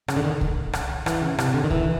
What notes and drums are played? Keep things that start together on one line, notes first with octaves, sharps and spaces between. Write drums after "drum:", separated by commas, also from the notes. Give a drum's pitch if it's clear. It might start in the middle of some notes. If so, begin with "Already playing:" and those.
C#3, drum: rim click
D3
D#3
drum: kick C2
drum: rim click
E3, drum: rim click
C#3
C3, drum: rim click
D3
D#3
E3, drum: kick C2